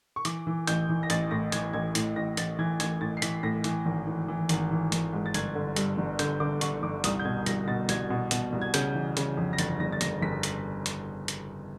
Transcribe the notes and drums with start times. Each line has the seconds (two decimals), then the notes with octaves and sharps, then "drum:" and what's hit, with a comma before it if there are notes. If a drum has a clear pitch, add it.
0.16 C#6
0.25 E3 D6, drum: hi-hat
0.47 E3
0.67 A1 G6, drum: hi-hat
0.89 E3
1.03 A#6
1.10 A1 A6, drum: hi-hat
1.31 A2 A#6
1.52 E3 G#6, drum: hi-hat
1.73 A1 G#6
1.95 A2, drum: hi-hat
2.16 A1 A#6
2.37 A1 A6, drum: hi-hat
2.59 E3 G#6
2.80 A1 G#6, drum: hi-hat
3.01 A2 A6
3.17 C7
3.22 E3 B6, drum: hi-hat
3.43 A2 A#6
3.64 E3, drum: hi-hat
3.85 G#1
4.07 E3
4.28 E3
4.49 G#1, drum: hi-hat
4.71 E3
4.92 G#1, drum: hi-hat
5.13 G#2
5.26 A6
5.34 G1 G#6, drum: hi-hat
5.55 D3
5.76 G2, drum: hi-hat
5.98 G1
6.19 D3 G6, drum: hi-hat
6.40 D3 D6
6.61 D3 C#6, drum: hi-hat
6.83 G1 D6
7.04 C2 D#6, drum: hi-hat
7.19 G6
7.25 B2 G#6
7.46 C2 A#6, drum: hi-hat
7.67 B2 A6
7.89 C2 G#6, drum: hi-hat
8.10 B2
8.31 B2, drum: hi-hat
8.53 C2
8.62 G#6
8.74 C#3 G6, drum: hi-hat
8.95 E3
9.17 C#3, drum: hi-hat
9.37 F2
9.53 A#6
9.58 G1 A6, drum: hi-hat
9.80 G1 A#6
9.92 A6
10.01 G1 A#6, drum: hi-hat
10.22 G1 B6
10.43 drum: hi-hat
10.86 drum: hi-hat
11.28 drum: hi-hat